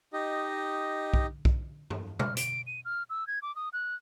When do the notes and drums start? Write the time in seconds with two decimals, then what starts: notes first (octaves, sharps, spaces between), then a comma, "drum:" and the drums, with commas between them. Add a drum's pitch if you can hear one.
0.13 D#4 G4 D#5
1.13 drum: kick B1
1.45 drum: kick B1
1.90 drum: tom G2
2.19 F6, drum: tom B2
2.37 D7, drum: hi-hat
2.67 D#7
2.85 F6
3.10 E6
3.27 G#6
3.42 D6
3.56 D#6
3.73 F#6